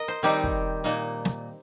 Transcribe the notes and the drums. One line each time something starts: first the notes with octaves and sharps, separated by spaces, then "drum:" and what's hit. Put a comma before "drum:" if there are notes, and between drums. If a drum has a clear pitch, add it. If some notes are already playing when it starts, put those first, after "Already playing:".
Already playing: A#4 D#5
C5
D#3 G3 C4 D#4 G4
drum: kick
A#2 A#3 D#4
drum: snare